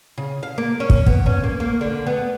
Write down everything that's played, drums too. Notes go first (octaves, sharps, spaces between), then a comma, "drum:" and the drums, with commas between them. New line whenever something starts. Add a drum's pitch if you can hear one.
C#3
F5
A#3
C#4
drum: kick
B3, drum: kick
C#4
A#3
A#3
D3
B3